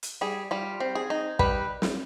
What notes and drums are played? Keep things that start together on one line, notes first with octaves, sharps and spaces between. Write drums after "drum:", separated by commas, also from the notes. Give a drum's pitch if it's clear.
drum: hi-hat
G3 G#4
G3 F4
C4
G#4
D#4
G3 B4, drum: kick
drum: snare